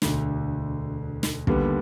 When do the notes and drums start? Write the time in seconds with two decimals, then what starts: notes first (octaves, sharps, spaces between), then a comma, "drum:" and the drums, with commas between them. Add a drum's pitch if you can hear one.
0.02 E1 D2 D3, drum: snare
1.23 drum: snare
1.47 D#2 D3 G3 B3, drum: kick